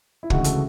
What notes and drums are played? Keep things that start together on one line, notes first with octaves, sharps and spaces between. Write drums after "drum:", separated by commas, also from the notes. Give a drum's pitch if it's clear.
E4
D2 C#3 E3 G#3 F#4, drum: kick
A4, drum: hi-hat